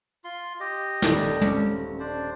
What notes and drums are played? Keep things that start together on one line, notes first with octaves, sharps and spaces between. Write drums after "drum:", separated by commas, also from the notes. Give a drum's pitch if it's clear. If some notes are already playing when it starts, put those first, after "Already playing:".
F4 C6
G4 D#5
D#1 A4 D5, drum: snare
C4 C#4, drum: tom
D4 C5 D5